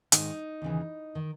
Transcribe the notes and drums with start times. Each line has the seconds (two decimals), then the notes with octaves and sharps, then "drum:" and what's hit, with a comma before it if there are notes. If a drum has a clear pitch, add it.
0.12 G#2 D#3 D#4, drum: hi-hat
0.62 D#2 C#3 E3
1.15 D#3